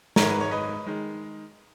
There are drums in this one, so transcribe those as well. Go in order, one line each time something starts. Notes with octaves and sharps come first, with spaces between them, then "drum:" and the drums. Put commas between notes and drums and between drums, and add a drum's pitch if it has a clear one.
G#1 G#2 D#3 G#3 A#4 C#5, drum: snare
B4
C#5
B4 D#5
D#3 G#3